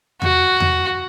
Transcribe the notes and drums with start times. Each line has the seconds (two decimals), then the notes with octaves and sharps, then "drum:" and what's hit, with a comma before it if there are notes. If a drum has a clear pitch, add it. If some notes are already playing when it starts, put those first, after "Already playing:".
0.22 F#4, drum: tom E2
0.60 drum: tom E2